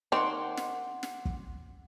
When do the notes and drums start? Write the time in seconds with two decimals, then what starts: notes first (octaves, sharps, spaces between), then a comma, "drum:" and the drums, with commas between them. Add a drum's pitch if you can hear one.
0.12 D#3 C4 F#5 C6 D6
0.57 drum: snare
1.03 drum: snare
1.25 drum: kick